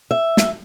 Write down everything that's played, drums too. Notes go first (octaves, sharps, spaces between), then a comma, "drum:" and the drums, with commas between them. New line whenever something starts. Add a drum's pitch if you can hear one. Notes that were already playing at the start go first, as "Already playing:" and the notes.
E5
drum: snare